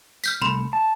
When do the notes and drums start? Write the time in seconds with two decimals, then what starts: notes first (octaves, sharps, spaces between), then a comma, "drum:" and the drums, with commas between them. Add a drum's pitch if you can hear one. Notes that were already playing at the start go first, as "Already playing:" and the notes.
0.24 F6 G6 B6, drum: tambourine
0.42 C2 A3 B5 C6
0.73 A5